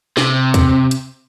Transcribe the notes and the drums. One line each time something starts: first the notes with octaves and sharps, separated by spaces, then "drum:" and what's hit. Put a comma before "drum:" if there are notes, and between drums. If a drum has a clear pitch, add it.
C3, drum: snare
drum: kick D2, hi-hat
drum: hi-hat